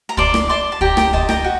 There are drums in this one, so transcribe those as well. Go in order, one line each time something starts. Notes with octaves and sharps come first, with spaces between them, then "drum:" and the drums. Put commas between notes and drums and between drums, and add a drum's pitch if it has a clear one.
A#5
D5 A5 C6, drum: kick
drum: rim click
D5 A5 C6
A5
G4 G5 A#5, drum: kick
G5 A#5, drum: rim click
D#5 A5 C6, drum: kick
G5 A#5, drum: rim click
F#4